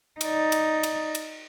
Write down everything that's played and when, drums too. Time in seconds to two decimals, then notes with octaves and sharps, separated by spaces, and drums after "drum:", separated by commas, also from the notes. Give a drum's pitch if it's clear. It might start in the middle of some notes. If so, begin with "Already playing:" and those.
0.21 D#4 D5, drum: cymbal
0.52 drum: cymbal
0.83 drum: cymbal
1.15 drum: cymbal